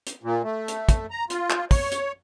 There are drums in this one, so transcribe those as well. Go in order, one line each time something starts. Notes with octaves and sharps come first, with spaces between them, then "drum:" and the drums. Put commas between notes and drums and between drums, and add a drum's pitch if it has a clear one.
drum: hi-hat
A#2
A3
drum: hi-hat
drum: kick, hi-hat
A#5
F4, drum: hi-hat
drum: clap
C#5, drum: kick, open hi-hat
drum: hi-hat